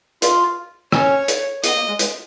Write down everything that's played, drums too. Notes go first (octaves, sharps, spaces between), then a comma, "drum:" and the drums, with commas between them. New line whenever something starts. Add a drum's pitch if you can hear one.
F4, drum: hi-hat
C#4 C#5, drum: rim click
drum: hi-hat
B3 D#5, drum: hi-hat
A#3
G#3
G#3, drum: hi-hat